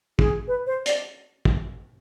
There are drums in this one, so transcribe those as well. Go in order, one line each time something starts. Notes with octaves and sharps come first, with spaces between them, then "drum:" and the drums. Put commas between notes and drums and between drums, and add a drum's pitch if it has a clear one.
G#4, drum: kick
B4
C5
D5, drum: hi-hat
drum: kick